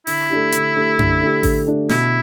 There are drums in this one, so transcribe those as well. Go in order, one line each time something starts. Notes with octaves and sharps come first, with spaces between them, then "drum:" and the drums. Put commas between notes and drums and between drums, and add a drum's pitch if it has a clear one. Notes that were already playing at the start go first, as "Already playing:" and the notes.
D3 E4, drum: open hi-hat
A3 D4 G4
D3, drum: hi-hat
A3 D4 G4
D3, drum: tom F#2
A3 D4 G4
D3, drum: kick A1, open hi-hat
A3 D4 G4
B2 E4, drum: snare